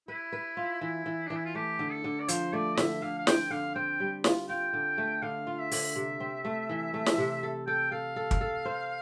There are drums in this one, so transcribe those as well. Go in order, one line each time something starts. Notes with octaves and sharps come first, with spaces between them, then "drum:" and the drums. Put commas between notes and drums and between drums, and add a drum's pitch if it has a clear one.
E4 B4
B4
F4
E3 E4
E3
E3 D4
E4
F4
A3 G4
D3
A4
D3
D5
F3 C5, drum: hi-hat
A3 D5
D3 E5, drum: snare
D3 F5
F5
C4 G5, drum: snare
D3 F5
C4 G5
G3
F4, drum: snare
F4 G5
D3
A3
D3 F5
F4
E5
D3, drum: open hi-hat
C3
C4
A3
E3
A3
drum: snare
C3
A4
A4 G5
A4 F5
A4
drum: kick
A4
C5